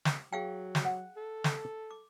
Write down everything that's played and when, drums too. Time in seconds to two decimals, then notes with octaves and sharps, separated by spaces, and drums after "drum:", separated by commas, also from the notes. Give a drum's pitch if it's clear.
0.05 drum: snare
0.33 F#3 G#4 F5 G5
0.75 drum: snare
0.85 F#5
1.17 A4
1.44 drum: snare
1.91 D6